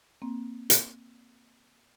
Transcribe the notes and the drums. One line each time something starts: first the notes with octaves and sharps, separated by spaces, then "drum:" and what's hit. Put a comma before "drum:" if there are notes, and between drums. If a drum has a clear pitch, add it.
A#3 C4
drum: hi-hat